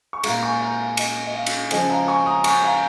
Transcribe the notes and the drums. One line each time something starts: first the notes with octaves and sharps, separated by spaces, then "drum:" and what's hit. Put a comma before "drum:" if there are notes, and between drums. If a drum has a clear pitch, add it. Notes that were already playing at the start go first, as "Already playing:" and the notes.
C#6
A#2 G#3 F5 A#5, drum: cymbal
G#5 C#6
F5 A#5
F5
D#5, drum: cymbal
D#5
F5
drum: cymbal
C#3 F3 G#3 D#5 G#5, drum: cymbal
F5 A#5
G#5 C#6
A#5 D#6
G#5 C#6, drum: cymbal
F5 A#5